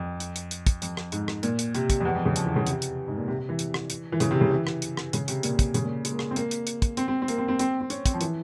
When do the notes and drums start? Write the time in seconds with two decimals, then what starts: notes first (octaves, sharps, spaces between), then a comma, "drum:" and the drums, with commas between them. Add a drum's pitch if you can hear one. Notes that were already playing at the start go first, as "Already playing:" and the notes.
Already playing: F2
0.20 drum: hi-hat
0.36 drum: hi-hat
0.51 drum: hi-hat
0.67 drum: kick, hi-hat
0.82 F2, drum: hi-hat
0.97 drum: rim click
1.12 G#2, drum: hi-hat
1.28 drum: rim click
1.43 A#2, drum: hi-hat
1.59 drum: hi-hat
1.75 C3, drum: hi-hat
1.90 drum: kick, hi-hat
2.01 F2
2.05 E2
2.15 F2
2.25 C#3
2.36 F3, drum: hi-hat
2.46 E3
2.56 C#3
2.67 C3, drum: hi-hat
2.82 drum: hi-hat
3.08 G#2
3.18 A#2
3.28 C3
3.39 C3
3.49 E3
3.59 drum: hi-hat
3.74 drum: rim click
3.90 drum: hi-hat
4.12 E3
4.20 C#3, drum: hi-hat
4.31 C3
4.41 C#3
4.51 E3
4.67 drum: rim click
4.82 drum: hi-hat
4.97 drum: rim click
5.13 C#3, drum: hi-hat
5.28 C3, drum: hi-hat
5.43 A#2, drum: hi-hat
5.59 drum: kick, hi-hat
5.74 C#3, drum: hi-hat
5.84 A#2
6.05 G#3, drum: hi-hat
6.12 A#3
6.19 G#3, drum: rim click
6.31 C4
6.36 A#3, drum: hi-hat
6.51 drum: hi-hat
6.67 drum: hi-hat
6.82 drum: kick, hi-hat
6.97 C4, drum: hi-hat
7.08 C4
7.22 C4
7.28 A#3, drum: hi-hat
7.38 C4
7.48 C4
7.59 C4, drum: hi-hat
7.81 C4
7.90 C#4, drum: hi-hat
8.06 C4, drum: kick, hi-hat
8.14 F3
8.21 E3, drum: hi-hat